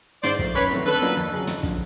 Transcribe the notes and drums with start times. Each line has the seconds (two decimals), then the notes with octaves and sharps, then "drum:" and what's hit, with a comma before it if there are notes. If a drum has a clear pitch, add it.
0.23 G#2 C5 D5, drum: snare
0.39 F3 A3, drum: kick, hi-hat
0.55 F#2 B4 C#5, drum: hi-hat
0.70 D#3 F#3 A3 C4, drum: hi-hat
0.86 D3 A4 B4, drum: hi-hat
1.01 F#3 A#3 D4 F4, drum: hi-hat
1.17 F2, drum: hi-hat
1.33 C#3 F#3
1.47 F2, drum: snare
1.63 D3 F3, drum: kick, hi-hat